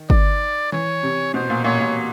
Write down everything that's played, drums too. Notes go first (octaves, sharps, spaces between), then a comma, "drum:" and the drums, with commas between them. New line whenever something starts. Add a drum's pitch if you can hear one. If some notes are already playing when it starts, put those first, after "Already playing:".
Already playing: D#3
D5, drum: kick G1
E3 C#5
C3
B2 C5
A#2
A#2 C#5
A#2